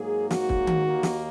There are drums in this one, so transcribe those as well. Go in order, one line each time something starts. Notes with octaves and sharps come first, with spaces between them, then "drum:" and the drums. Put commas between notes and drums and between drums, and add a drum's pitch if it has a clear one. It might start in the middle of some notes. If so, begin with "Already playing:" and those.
Already playing: G#2 F#3 A#3 G#4
F#4, drum: snare
drum: kick
drum: tom D#3
D#2 D#3 A#3
drum: snare